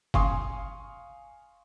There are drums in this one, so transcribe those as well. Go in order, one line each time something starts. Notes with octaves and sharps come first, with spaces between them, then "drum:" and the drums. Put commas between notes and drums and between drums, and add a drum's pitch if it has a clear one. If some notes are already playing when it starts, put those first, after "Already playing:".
F5 G#5 C6 C#6 D#6, drum: kick